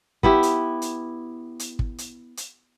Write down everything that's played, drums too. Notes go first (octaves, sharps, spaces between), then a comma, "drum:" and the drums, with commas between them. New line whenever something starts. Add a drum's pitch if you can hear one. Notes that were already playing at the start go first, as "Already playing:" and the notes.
B3 E4 G4, drum: kick
drum: hi-hat
drum: hi-hat
drum: hi-hat
drum: kick
drum: hi-hat
drum: hi-hat